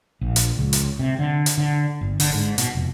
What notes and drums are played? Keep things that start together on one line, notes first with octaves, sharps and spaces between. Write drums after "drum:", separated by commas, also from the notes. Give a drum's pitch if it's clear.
A#1
drum: hi-hat
C#2
drum: hi-hat
C3
D3
drum: hi-hat
D3
G1
D3, drum: open hi-hat
G#2
B2, drum: hi-hat
F1